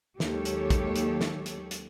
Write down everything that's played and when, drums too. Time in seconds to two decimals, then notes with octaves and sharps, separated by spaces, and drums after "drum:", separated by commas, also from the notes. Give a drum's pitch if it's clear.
0.20 D#2 F#3 G#3 G4 A4 C#5, drum: snare
0.45 drum: hi-hat
0.70 drum: kick, hi-hat
0.96 drum: hi-hat
1.21 drum: snare
1.46 drum: hi-hat
1.71 drum: hi-hat